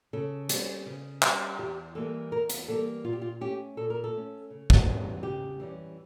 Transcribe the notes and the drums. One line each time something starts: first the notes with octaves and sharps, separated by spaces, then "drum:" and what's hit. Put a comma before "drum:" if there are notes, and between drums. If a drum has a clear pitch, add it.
C#3 A4
G3 C#4, drum: hi-hat
C#3
G3 C#4, drum: clap
E2 G4
E3 G3 A#3 A4
E2 A#4
drum: hi-hat
E3 G3 A#3 A4
A#2 F4
G4
F4
A3 C#4 G4
A#2 A4
A#4
A4
A3 C#4
C#3
drum: kick
E3 G3 C#4
C#3 G4
E3 G3 C#4